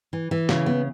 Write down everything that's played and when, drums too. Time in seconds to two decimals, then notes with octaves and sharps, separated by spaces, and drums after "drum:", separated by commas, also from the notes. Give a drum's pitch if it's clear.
0.13 E3
0.31 E3
0.49 C#3, drum: snare
0.66 B3